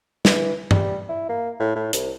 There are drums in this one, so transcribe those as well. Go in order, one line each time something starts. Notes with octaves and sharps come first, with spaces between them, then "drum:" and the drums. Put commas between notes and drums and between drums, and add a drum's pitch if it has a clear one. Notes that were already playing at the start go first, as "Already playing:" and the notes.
E3, drum: snare
G3, drum: tom G2
E4
A#3
A2
A2
C2, drum: hi-hat